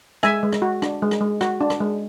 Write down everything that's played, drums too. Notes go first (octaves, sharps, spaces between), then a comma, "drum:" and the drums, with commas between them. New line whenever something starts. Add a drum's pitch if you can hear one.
G#3 E5 G#5, drum: rim click
G#3
drum: rim click
F#4
D4, drum: rim click
G#3
drum: rim click
G#3
F#4, drum: rim click
D4
drum: rim click
G#3